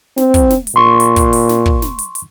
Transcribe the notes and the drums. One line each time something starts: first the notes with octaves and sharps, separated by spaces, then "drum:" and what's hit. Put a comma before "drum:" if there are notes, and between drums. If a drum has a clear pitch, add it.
C4, drum: snare
drum: kick, hi-hat
drum: snare
drum: hi-hat
A#2 C6 C#6
drum: hi-hat
drum: kick, hi-hat
drum: open hi-hat
drum: snare
drum: kick
drum: snare
drum: hi-hat
drum: hi-hat